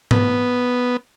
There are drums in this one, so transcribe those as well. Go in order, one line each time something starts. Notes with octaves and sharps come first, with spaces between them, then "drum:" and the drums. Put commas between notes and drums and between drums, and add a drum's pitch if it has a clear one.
B3, drum: tom G#2